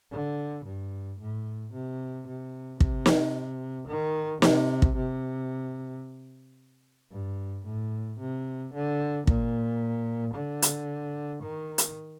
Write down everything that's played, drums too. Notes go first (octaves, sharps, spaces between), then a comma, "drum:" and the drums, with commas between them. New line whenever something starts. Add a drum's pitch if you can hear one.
D3
G2
A2
C3
C3
C3, drum: kick
drum: snare
D#3
C3, drum: snare
drum: kick
C3
G2
A2
C3
D3
A#2, drum: kick
D3
drum: hi-hat
D#3
drum: hi-hat